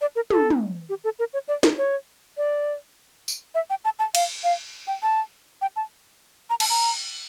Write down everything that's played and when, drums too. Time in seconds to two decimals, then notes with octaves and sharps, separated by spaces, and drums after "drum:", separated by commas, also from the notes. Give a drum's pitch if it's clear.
0.01 D5
0.16 A#4
0.30 A4, drum: tom
0.50 drum: tom
0.89 G4
1.04 A4
1.19 A#4
1.33 C#5
1.48 D5
1.63 A#4, drum: snare
1.78 C#5
2.37 D5
3.28 drum: tambourine
3.55 E5
3.70 G5
3.85 A5
3.99 A5
4.15 F5, drum: cymbal
4.44 F5
4.87 G5
5.03 A5
5.62 G5
5.76 A5
6.50 A#5
6.60 A5, drum: cymbal
6.70 A#5